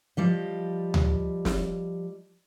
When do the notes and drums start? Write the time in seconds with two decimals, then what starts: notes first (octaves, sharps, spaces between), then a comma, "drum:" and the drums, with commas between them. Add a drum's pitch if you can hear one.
0.17 F3 G3 D#5
0.94 drum: tom D2
1.45 drum: snare